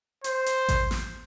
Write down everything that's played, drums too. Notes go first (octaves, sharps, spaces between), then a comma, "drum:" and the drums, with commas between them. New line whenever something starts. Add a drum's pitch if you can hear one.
C5, drum: hi-hat
drum: hi-hat
drum: kick A1, hi-hat
drum: snare